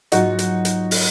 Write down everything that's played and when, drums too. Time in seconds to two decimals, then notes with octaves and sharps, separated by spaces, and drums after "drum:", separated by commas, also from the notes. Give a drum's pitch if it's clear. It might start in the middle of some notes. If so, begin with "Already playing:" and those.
0.12 G#2 F#3 A#3 D#4 F4 F#4, drum: hi-hat
0.39 drum: hi-hat
0.65 drum: hi-hat
0.91 drum: open hi-hat